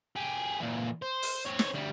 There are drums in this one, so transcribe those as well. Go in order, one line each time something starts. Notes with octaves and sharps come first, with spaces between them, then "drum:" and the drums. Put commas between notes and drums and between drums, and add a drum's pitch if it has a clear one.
G4 G#4
A#2 E3
C5
drum: open hi-hat
C4 C#5
drum: snare
D2 G3